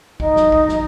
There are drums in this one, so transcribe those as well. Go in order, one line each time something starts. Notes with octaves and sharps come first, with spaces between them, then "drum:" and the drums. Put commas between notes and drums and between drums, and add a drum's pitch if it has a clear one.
D#4 D#5, drum: kick
drum: snare
drum: kick
drum: snare